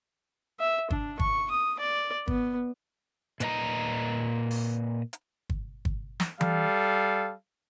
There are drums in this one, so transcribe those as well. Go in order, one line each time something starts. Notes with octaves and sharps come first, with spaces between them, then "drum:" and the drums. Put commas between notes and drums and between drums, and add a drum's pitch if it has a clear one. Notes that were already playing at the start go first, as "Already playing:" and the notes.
E5
D4, drum: kick
C#6, drum: kick
D#6
D5
B3, drum: kick
A#2 B4 D#5 A#5, drum: hi-hat
drum: open hi-hat
drum: hi-hat
drum: kick
drum: kick
drum: snare
G3 A4 F5, drum: tom E3